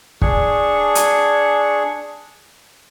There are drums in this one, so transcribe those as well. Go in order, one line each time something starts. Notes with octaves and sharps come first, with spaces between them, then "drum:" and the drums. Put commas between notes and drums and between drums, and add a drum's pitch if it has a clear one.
D4 G#4 C#6, drum: kick
drum: hi-hat